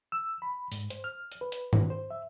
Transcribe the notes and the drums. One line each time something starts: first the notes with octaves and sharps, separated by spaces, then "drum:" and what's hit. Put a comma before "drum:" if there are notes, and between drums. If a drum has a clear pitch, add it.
E6
B5
G#2, drum: open hi-hat
C5, drum: hi-hat
F6
drum: hi-hat
B4
drum: hi-hat
drum: tom G#2
C5
E5